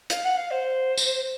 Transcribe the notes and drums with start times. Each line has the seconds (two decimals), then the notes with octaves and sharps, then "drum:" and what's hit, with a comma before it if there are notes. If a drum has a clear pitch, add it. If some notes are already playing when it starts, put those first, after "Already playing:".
0.10 F5, drum: hi-hat
0.24 F#5
0.36 F5
0.50 C5
0.98 drum: tambourine